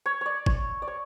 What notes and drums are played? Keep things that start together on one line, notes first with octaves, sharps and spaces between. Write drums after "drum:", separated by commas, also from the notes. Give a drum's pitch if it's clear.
C#5
C#5 D5
C#5, drum: kick
D5
C#5